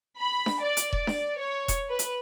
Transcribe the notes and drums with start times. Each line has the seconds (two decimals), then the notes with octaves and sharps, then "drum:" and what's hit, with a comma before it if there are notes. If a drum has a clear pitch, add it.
0.19 B5
0.46 drum: snare D4
0.61 D5
0.77 drum: hi-hat
0.93 D5, drum: kick E1
1.07 drum: snare D4
1.39 C#5
1.68 drum: kick E1, hi-hat
1.90 B4
1.99 drum: hi-hat